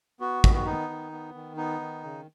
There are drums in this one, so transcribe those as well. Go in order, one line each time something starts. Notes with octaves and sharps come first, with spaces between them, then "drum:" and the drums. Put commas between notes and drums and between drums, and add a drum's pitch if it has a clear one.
B3 F#4
D#3, drum: kick
F#4
B3 D#4
D#3
B3
D#3
B3 D#4
D#3
C#3